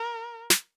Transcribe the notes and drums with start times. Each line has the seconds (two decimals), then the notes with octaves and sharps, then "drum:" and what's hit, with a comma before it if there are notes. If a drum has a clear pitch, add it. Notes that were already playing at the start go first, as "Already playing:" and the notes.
Already playing: A#4
0.50 drum: snare